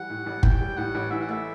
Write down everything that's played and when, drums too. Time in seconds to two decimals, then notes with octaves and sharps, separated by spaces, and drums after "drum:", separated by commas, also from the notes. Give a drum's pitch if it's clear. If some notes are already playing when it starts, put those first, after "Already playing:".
Already playing: E3 G3 F#5
0.10 A2
0.26 A1
0.43 E3 G5, drum: kick
0.61 G3
0.77 A2 F#5
0.95 A1
1.11 E3 E5
1.21 F#5
1.29 A3 E5